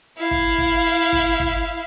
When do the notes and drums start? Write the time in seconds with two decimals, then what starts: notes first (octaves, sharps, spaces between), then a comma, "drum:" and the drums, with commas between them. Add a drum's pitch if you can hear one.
0.18 E4 F5
0.31 drum: kick
0.58 drum: kick
1.13 drum: kick
1.40 drum: kick